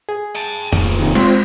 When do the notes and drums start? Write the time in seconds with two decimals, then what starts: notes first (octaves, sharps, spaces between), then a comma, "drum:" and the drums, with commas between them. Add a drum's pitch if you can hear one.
0.09 G#4
0.36 G5 A5
0.73 D#1 A#2 C#3, drum: tom F2
0.99 C3 D#3
1.15 G#3 C4 F4, drum: cymbal